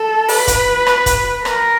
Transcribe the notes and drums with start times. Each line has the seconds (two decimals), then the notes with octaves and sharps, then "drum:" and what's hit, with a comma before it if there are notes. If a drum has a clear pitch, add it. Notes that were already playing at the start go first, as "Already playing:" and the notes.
Already playing: A4
0.29 B4, drum: open hi-hat
0.47 drum: kick, hi-hat
0.87 drum: rim click
1.06 drum: kick, hi-hat
1.45 A#4, drum: rim click